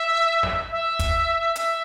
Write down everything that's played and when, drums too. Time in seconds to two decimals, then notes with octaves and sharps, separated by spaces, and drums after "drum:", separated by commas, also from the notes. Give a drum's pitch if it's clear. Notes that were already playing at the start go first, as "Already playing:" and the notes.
Already playing: E5
0.43 drum: snare
0.72 E5
0.99 drum: kick, hi-hat
1.56 E5, drum: hi-hat